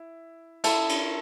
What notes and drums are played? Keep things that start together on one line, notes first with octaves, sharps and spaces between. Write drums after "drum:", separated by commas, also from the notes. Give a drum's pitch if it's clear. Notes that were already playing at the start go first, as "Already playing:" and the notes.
Already playing: E4
E4 A4, drum: cymbal
drum: cymbal